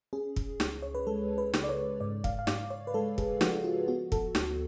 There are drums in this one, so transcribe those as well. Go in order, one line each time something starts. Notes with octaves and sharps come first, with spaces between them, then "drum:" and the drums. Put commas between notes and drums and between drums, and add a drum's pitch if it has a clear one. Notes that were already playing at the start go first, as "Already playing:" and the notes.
C#4 G#4
drum: kick
C#2, drum: snare
C#5
B4
G#3 A4
B4
C#3, drum: snare
D5
C#5
G#2 D5
F5, drum: kick
F5
G#2 D5, drum: snare
C#5
B4
G#3 A4
G#4, drum: kick
F3 F#4, drum: snare
F#4
F4
B3 F#4
A4, drum: kick
D2, drum: snare